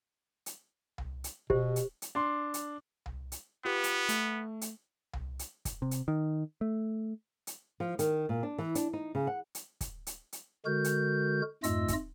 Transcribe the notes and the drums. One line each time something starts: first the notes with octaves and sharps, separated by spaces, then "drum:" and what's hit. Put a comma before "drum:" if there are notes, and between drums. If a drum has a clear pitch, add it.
drum: hi-hat
drum: tom C2
drum: hi-hat
B2 G4 C5, drum: kick
drum: hi-hat
drum: hi-hat
D4 C6
drum: hi-hat
drum: tom C2
drum: hi-hat
B3 F4 G4 B4
drum: hi-hat
A3, drum: hi-hat
drum: hi-hat
drum: tom C2
drum: hi-hat
drum: kick, hi-hat
C3
drum: hi-hat
D#3
A3
drum: hi-hat
F3
D#3, drum: hi-hat
A#2
D4
E3
D4, drum: hi-hat
D#4
C#3
F#5
drum: hi-hat
drum: kick, hi-hat
drum: hi-hat
drum: hi-hat
D3 G#3 F#4 A#4 G6
drum: hi-hat
F2 G#2 A3 F4 D#5 E6, drum: hi-hat
drum: kick, hi-hat